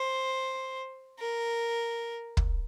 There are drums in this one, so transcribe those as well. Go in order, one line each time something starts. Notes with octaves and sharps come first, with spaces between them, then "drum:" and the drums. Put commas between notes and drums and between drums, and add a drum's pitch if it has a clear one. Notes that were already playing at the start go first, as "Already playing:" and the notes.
Already playing: C5
A#4
drum: kick